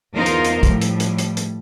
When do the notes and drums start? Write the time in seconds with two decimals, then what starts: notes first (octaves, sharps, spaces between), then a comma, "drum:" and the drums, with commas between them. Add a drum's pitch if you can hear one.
0.14 E2 D#4 F4 A#4 C5
0.26 drum: hi-hat
0.45 drum: hi-hat
0.63 A2 F3 G3, drum: kick, hi-hat
0.82 drum: hi-hat
1.00 drum: hi-hat
1.18 drum: hi-hat
1.37 drum: hi-hat